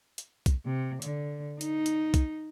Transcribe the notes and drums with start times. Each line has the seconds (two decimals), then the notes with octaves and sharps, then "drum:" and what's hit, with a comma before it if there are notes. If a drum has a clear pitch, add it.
0.18 drum: hi-hat
0.46 drum: kick B1, hi-hat
0.65 C3
1.02 D3, drum: hi-hat
1.61 D#4, drum: hi-hat
1.86 drum: hi-hat
2.14 drum: kick B1, hi-hat